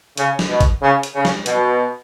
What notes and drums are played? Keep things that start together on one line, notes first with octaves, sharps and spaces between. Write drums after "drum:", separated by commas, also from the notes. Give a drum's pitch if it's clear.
C#3, drum: hi-hat
drum: snare
B2
drum: kick G#1, hi-hat
C#3
drum: hi-hat
C#3
drum: snare
B2, drum: hi-hat